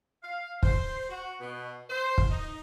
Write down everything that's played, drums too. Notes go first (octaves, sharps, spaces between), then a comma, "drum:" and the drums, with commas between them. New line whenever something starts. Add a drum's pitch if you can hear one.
F5
C5, drum: kick
F#4
B2
C5
drum: kick
D#4